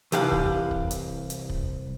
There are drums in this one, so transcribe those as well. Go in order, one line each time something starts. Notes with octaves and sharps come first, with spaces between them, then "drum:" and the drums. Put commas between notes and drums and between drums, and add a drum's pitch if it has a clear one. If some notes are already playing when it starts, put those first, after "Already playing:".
C2 E3 G4 F5 F#5, drum: hi-hat
drum: kick
drum: kick
drum: hi-hat
drum: hi-hat
drum: kick